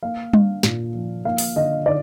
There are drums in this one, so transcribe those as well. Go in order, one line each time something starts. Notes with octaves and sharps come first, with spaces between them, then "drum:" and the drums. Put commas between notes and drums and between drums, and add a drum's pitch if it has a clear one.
A#3 F5
D4, drum: tom G3
A#2, drum: snare
F3
A#3 F5
drum: open hi-hat
D3 D#5
D3 D5